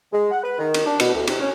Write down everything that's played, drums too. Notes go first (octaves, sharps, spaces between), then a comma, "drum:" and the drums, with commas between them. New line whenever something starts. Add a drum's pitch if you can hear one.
G#3
F#5
B4
D#3
drum: cymbal
D4
B2, drum: cymbal
D2
C3, drum: cymbal
C#4